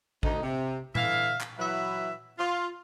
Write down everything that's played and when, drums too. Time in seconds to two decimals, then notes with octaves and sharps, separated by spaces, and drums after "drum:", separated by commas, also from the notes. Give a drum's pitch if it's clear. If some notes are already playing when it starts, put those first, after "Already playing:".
0.23 D2 D#4, drum: kick A1
0.43 C3
0.95 D3 E3 E5 F5, drum: tom A#2
1.41 drum: clap
1.58 E3 F#3 E4 F#4 B4 E5
2.39 F4